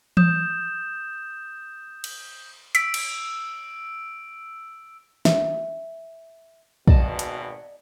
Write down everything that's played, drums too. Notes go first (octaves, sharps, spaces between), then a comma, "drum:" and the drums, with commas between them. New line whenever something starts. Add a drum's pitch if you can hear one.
D#6 G6 E7, drum: tom E3
drum: cymbal
E6 B6 D7, drum: hi-hat
drum: cymbal
E5, drum: snare
G#1 B2 D5 D#5 A5, drum: kick
drum: hi-hat